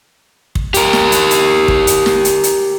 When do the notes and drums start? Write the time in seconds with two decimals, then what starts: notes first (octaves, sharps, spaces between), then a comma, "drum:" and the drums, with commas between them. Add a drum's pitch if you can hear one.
0.55 drum: kick
0.74 G4 A#4, drum: hi-hat
0.93 drum: snare
1.12 drum: hi-hat
1.31 drum: hi-hat
1.68 drum: kick
1.87 drum: hi-hat
2.06 drum: snare
2.25 drum: hi-hat
2.43 drum: hi-hat